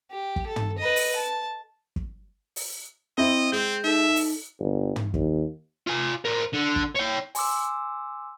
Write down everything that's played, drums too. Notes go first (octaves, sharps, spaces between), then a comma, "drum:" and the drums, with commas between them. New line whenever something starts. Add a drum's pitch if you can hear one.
G4
drum: kick
A4
drum: tom
B4 D#5
drum: open hi-hat
A5
drum: kick
drum: open hi-hat
C4 E4 D#5
G#3 C4 G6
D#4 A4 E5
drum: open hi-hat
G1
drum: tom
D#2, drum: kick
F4 G#5
A#4 C5
D3
drum: kick
C#5 G5
G#5 C6 D6 E6, drum: open hi-hat